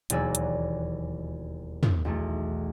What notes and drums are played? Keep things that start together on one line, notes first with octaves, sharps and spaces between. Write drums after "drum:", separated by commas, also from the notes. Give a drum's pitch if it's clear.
E1 D#2 F#3 D5 G#5 E6, drum: hi-hat
drum: hi-hat
drum: tom
B1 E2 A3